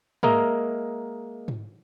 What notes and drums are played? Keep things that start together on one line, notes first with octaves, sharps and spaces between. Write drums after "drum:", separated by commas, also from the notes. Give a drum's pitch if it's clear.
G#3 A#3 A#4 D#5 E5, drum: tom G#2
drum: tom G#2